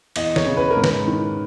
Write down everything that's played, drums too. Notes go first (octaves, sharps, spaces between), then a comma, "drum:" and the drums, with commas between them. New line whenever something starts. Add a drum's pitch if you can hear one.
E2 D#5, drum: cymbal
C#5, drum: snare
C#3
B4
A#4
G#2
B4, drum: snare
D#3